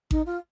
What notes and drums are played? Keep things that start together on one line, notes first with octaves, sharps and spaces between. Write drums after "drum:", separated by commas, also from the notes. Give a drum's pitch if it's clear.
D#4, drum: kick A1
F4